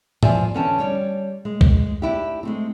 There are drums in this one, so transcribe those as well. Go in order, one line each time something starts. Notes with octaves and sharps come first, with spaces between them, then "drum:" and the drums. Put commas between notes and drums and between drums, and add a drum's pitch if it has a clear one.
E2 F3 C5 D5 E5 G#5, drum: tom G#2
D3 E3 C#4 G5 A5
G3 C#5 D5
G#3
drum: kick C2
D4 E4 G4
G#3 A3 C4